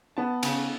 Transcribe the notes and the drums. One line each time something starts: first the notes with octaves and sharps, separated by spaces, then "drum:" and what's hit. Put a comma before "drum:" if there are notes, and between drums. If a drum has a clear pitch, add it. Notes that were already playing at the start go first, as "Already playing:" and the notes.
B3 A5
C#3, drum: cymbal